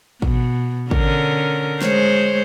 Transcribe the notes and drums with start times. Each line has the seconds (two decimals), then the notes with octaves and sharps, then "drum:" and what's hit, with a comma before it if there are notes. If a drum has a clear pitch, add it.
0.22 B2, drum: kick
0.91 D3 C#4 A#4, drum: kick
1.82 G#3 C5 C#5, drum: snare